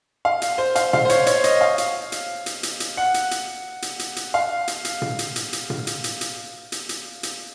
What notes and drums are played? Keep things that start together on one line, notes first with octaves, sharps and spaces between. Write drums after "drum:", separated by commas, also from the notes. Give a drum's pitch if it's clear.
F5
drum: hi-hat
C5
F5, drum: hi-hat
F5, drum: tom
C5
C#5, drum: hi-hat
C#5, drum: hi-hat
D#5, drum: hi-hat
F5
drum: hi-hat
drum: hi-hat
drum: hi-hat
drum: hi-hat
drum: hi-hat
F#5
drum: hi-hat
drum: hi-hat
drum: hi-hat
drum: hi-hat
drum: hi-hat
F5
drum: hi-hat
drum: hi-hat
drum: tom
drum: hi-hat
drum: hi-hat
drum: hi-hat
drum: tom
drum: hi-hat
drum: hi-hat
drum: hi-hat
drum: hi-hat
drum: hi-hat
drum: hi-hat